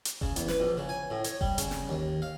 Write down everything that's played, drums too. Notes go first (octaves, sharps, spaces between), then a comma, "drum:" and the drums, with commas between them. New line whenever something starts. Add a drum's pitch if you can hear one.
drum: hi-hat
C#3, drum: kick F#1
E2, drum: hi-hat
B4, drum: snare
A#1
C#3
G#5
A2
C#5, drum: hi-hat
G3, drum: kick F#1
C#3, drum: hi-hat
drum: snare
D#2
F5